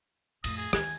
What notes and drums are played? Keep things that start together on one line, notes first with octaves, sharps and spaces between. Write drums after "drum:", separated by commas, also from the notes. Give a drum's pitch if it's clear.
F2 A2 D#6, drum: cymbal
G#4
D#3 G#5, drum: rim click